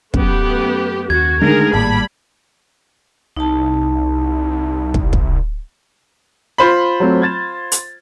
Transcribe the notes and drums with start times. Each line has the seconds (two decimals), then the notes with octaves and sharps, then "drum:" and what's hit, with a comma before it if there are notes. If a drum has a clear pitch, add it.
0.14 F#2 A3 B3 G4, drum: kick
1.10 D#2 F#4 G#6
1.41 D3 D#3 G#3 A3 D4 G#4 A#4
1.73 G#1 A2 G3 A#3 A5 B5
3.36 C2 D#4 A5
4.94 drum: kick
5.13 drum: kick
6.58 F4 C5 B5
7.00 F#3 A3 C4
7.22 G#6 A6 E7
7.72 drum: hi-hat